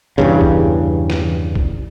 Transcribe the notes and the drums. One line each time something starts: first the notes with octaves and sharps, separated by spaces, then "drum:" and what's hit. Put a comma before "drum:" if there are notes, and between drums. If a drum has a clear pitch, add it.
E2 G2 C#3
drum: kick
drum: snare
drum: kick